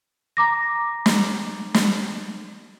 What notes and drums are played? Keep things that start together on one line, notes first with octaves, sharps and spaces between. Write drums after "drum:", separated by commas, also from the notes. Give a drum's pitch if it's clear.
A#5 D6 A#6
drum: snare
drum: snare